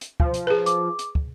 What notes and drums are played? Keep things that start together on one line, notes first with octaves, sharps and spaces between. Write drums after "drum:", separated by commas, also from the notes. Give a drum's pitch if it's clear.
drum: hi-hat
F3, drum: kick
drum: hi-hat
G#4 B4
D6, drum: hi-hat
drum: hi-hat
drum: kick